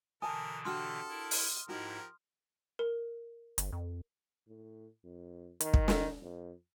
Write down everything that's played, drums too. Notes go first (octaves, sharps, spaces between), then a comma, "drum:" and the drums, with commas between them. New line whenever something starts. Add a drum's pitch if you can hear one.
B2 D3 E3 A#4 G#5 A5 D#6
D4 F#4 G4 A4 A5 C6 F6
E4 A#4
drum: open hi-hat
G#2 F3 D#4 E4 F#4 G4 A#4
A#4
G1, drum: hi-hat
F2
A2
F2
D#3, drum: hi-hat
drum: kick
drum: snare
F2